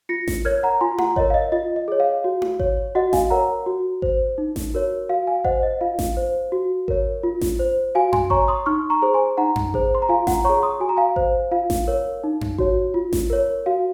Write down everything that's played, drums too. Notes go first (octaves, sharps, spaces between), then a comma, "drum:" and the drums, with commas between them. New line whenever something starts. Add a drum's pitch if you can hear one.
F4 A#6 C#7
drum: snare A1
A#4 C#5 F6 G#6
F#5 A#5
F4 G#5 C6
F#5 A#5, drum: tom E4
A#4 C#5 D#5, drum: kick G#1
F5
D#5
F4 D#5
D#5
G#4 C#5
F5
F#4
drum: tom E4
C#5, drum: kick G#1
F#4 D#5 F#5
F5 G#5, drum: snare A1
A#4 C#5 F#5 A#5
F#4
C5, drum: kick G#1
D#4
drum: snare A1
F#4 A#4 C#5
F#4 F5
F5 G#5
C5 D#5 F#5, drum: kick G#1
D#5
F4 F5
drum: snare A1
C5
F#4
A#4 C#5, drum: kick G#1
F4
drum: snare A1
C5
F#4 F5 G#5
G#5 C6, drum: tom F#2
C#5 A#5 C#6, drum: kick G#1
C6 D#6
D#4 C#6 F6
A#5 C#6
G#4 C5
G#5 C6
D#4 F#5 A#5
drum: tom F#2
G#4 C5, drum: kick G#1
C6
A#5
F4 F5 G#5
F#5 A#5, drum: snare A1
G#4 C#5 A#5 C#6
C6 D#6
F#4 G#5
A#5
F5 G#5
C5, drum: kick G#1
F4 F5
drum: snare A1
A#4 C#5
D#4
drum: tom F#2
F#4 C#5, drum: kick G#1
F4
drum: snare A1
A#4 C#5
F#4 F5